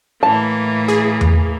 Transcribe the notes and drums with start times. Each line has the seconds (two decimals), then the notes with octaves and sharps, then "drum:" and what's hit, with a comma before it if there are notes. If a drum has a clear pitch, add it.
0.23 A2 E3 A#3 A5
0.88 G#4
1.21 drum: tom E2